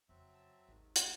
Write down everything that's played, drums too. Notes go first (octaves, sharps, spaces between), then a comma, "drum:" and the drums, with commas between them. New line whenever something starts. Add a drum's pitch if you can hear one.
F2 C#3 F#3 C4 E5
A5 E6
G#1 D#2 G#2 D#3
D2 C#5, drum: hi-hat